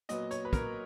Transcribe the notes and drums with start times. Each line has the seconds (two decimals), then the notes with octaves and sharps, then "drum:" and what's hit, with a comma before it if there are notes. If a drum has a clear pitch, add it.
0.09 A#2 F#3 B3 D#5, drum: hi-hat
0.31 C#5, drum: hi-hat
0.45 B4
0.53 A#4, drum: kick, hi-hat